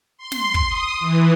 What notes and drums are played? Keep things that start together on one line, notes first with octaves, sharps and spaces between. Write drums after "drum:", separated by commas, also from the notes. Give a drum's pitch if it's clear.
C6
drum: snare
drum: kick
D#6
E3